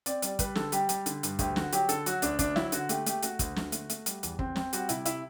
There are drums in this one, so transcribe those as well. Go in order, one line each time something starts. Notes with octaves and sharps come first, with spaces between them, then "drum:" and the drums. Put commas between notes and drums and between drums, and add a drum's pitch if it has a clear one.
C4 D5, drum: hi-hat
G3 D5, drum: hi-hat
G3 B4, drum: kick, hi-hat
D3 A4, drum: snare
G3 G4, drum: hi-hat
G3, drum: hi-hat
D3, drum: hi-hat
G2, drum: hi-hat
D2 G4, drum: kick, hi-hat
D3 F#4, drum: snare
F#3 G4, drum: hi-hat
D3 A4, drum: hi-hat
F#3 F#4, drum: hi-hat
D2 D4, drum: hi-hat
D2 D4, drum: kick, hi-hat
F#3 E4, drum: snare
D3 F#4, drum: hi-hat
A3 G4, drum: hi-hat
A3 G4, drum: hi-hat
A3 F#4, drum: hi-hat
D2, drum: kick, hi-hat
D3, drum: snare
A3, drum: hi-hat
A3, drum: hi-hat
G3, drum: hi-hat
E2, drum: hi-hat
C4, drum: kick
C4, drum: snare
G3 F#4, drum: hi-hat
C3 E4, drum: hi-hat
E4, drum: hi-hat